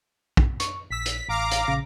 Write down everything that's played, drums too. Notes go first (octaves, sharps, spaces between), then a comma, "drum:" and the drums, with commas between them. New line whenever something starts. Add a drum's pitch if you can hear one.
drum: kick
C#6, drum: hi-hat
A#1 E6 B6
drum: hi-hat
A1 F5 A#5 D6
drum: hi-hat
A#1 C#3 A#6